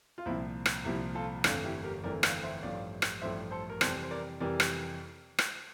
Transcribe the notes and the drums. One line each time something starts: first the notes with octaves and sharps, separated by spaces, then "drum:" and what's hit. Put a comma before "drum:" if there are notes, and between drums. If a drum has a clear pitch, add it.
F4
C2 A#2 F3 C4 E4
drum: rim click
C2 A#2 F3 E4 G4
F4 A4
G1 F2 E3 A3 D4 F4, drum: rim click
E4 G4
G4 A#4
G1 F2 E3 A3 A#4 D5
D5 F5, drum: rim click
C5 E5
A1 G2 F3 A3 D5 F5
drum: rim click
A1 G2 F3 A3 C5 E5
A4 C5
A#4
F2 C3 E3 G3 A4 C5, drum: rim click
C5
A#4 D5
F2 C3 E3 G3 A#4 D5
drum: rim click
drum: rim click